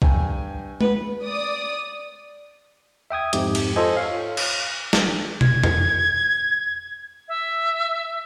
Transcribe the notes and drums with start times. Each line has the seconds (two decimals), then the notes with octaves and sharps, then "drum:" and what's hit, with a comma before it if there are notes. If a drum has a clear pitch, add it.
0.02 G2 G5 G#5, drum: kick
0.81 B4, drum: tom G#3
1.24 D5 D#6
3.10 E5 G5 D#6 G#6
3.33 F2 G#2 G4, drum: hi-hat
3.55 drum: cymbal
3.76 F4 A4 C5 D#5 G#5
3.97 C#5 F5
4.37 drum: cymbal
4.93 drum: snare
5.41 G#6, drum: tom
5.64 drum: tom F2
7.28 E5